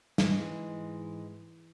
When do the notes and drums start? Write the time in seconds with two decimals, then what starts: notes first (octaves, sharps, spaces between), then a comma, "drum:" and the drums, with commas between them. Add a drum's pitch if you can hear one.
0.18 G#2 E3 G#3, drum: snare